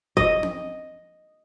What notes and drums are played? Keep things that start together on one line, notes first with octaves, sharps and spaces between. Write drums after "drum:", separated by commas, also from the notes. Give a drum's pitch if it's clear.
D#5, drum: kick F1
drum: tom C4